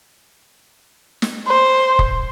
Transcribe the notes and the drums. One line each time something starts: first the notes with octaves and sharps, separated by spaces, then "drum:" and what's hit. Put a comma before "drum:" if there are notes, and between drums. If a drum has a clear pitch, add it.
drum: snare
C5
drum: kick